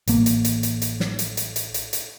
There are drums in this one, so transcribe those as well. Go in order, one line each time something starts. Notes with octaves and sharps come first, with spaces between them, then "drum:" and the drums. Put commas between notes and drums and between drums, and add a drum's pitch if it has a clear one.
A1 A#3, drum: hi-hat
drum: hi-hat
drum: hi-hat
drum: hi-hat
drum: hi-hat
drum: snare
drum: hi-hat
drum: hi-hat
drum: hi-hat
drum: hi-hat
drum: hi-hat